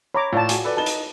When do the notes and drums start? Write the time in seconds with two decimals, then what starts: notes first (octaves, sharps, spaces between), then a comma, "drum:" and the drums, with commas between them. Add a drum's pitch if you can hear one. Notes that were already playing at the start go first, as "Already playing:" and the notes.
0.14 C#5 A#5 B5 D6
0.33 A2 F4 D5 A5
0.49 F#4 G#5, drum: hi-hat
0.64 A4 B4 D5
0.77 D#4 B4 A5 G7
0.86 drum: hi-hat